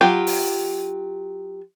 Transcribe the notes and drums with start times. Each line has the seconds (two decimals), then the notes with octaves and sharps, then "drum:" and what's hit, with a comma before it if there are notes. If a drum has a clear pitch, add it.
0.01 F#3 F4 G4
0.27 drum: open hi-hat